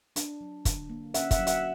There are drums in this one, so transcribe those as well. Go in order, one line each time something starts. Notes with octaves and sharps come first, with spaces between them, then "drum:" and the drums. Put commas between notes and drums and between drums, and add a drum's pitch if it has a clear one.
D4, drum: hi-hat
F#3
D3, drum: kick, hi-hat
A#3
C#4 E5 F#5, drum: hi-hat
E5 F#5, drum: kick, hi-hat
F#3
E5 F#5, drum: hi-hat